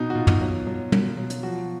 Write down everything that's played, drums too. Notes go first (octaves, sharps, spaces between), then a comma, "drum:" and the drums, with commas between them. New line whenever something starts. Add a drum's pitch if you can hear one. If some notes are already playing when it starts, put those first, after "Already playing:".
Already playing: B2 D#4
F#4
B2 F4
drum: tom
F#3
F#3
B2, drum: tom
F#3
drum: hi-hat
F3 F#4